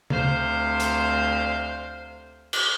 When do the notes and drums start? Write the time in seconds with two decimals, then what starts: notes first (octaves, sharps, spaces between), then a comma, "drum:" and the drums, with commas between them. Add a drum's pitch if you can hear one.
0.10 D2 C3 C5 F5, drum: tom C#3
0.80 drum: hi-hat
2.53 drum: cymbal